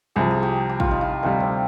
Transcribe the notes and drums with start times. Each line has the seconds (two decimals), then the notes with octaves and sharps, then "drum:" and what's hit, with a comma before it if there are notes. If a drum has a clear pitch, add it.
0.16 C2 C3 F3 G#4
0.31 G#4
0.43 G4
0.70 G4
0.80 F4, drum: kick
0.91 D#4
1.01 F4
1.23 D2 C3 G3 D#4
1.40 C4